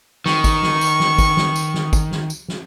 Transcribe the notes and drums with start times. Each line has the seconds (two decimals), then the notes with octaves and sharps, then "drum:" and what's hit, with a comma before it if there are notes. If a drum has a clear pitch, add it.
0.26 D#3 C#6, drum: snare
0.44 drum: kick, tambourine
0.63 drum: snare
0.81 drum: tambourine
1.00 drum: snare
1.18 drum: kick, tambourine
1.37 drum: snare
1.56 drum: tambourine
1.74 drum: snare
1.93 drum: kick, tambourine
2.11 drum: snare
2.30 drum: tambourine
2.48 drum: snare